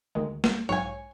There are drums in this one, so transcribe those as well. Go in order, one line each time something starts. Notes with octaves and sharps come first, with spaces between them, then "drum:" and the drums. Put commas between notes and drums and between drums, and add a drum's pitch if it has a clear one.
D2 D#3 G#3
drum: snare
B1 G#2 C#5 G#5